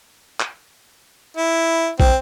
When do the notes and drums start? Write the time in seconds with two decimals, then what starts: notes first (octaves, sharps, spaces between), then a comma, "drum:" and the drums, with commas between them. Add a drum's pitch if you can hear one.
0.40 drum: clap
1.37 E4
2.00 C4, drum: kick